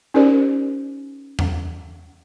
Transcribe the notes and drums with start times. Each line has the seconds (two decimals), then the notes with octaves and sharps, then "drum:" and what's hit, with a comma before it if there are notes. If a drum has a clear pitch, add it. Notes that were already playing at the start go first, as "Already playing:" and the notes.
0.14 C#4 D#4 G4 A#4 C5 D5
1.39 drum: tom E2